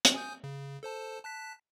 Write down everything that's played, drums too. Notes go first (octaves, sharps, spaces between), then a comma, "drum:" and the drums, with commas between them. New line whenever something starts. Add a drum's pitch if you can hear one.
drum: hi-hat
G#5 D#6 G6
C#3
A4 C5 A5
A5 F#6 B6